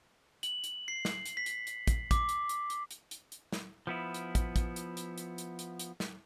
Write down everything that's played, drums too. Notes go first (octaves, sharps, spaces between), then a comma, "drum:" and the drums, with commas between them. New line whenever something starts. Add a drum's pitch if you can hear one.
F#7, drum: hi-hat
drum: hi-hat
C7
drum: snare
drum: hi-hat
B6
drum: hi-hat
drum: hi-hat
drum: kick, hi-hat
D6, drum: kick, hi-hat
drum: hi-hat
drum: hi-hat
drum: hi-hat
drum: hi-hat
drum: hi-hat
drum: hi-hat
drum: snare
F3 B3 E4
drum: hi-hat
drum: kick, hi-hat
drum: kick, hi-hat
drum: hi-hat
drum: hi-hat
drum: hi-hat
drum: hi-hat
drum: hi-hat
drum: hi-hat
drum: snare